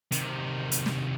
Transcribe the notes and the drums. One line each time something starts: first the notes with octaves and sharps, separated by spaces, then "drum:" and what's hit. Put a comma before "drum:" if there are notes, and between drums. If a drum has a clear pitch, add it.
C3 D#3, drum: hi-hat
drum: hi-hat
drum: snare